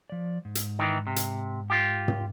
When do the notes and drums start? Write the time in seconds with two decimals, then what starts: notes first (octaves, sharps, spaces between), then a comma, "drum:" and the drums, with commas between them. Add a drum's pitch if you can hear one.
0.10 F3 D5
0.45 G#2
0.55 drum: hi-hat
0.79 D#3 E3
1.07 C3
1.16 drum: hi-hat
1.70 F4 G4
2.08 drum: tom